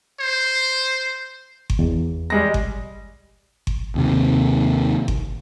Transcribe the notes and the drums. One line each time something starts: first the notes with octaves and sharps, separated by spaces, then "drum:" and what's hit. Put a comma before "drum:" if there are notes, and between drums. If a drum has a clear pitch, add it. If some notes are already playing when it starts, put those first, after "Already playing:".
C5
drum: kick G1
E2
G3 G#3 A#6
drum: kick G1
drum: kick G1
D#2 C3
drum: kick G1